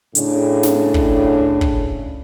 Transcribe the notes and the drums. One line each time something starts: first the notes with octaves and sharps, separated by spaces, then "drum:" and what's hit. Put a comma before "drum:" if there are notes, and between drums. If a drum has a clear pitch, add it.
A2 C#3 D4, drum: hi-hat
drum: snare
drum: kick
drum: kick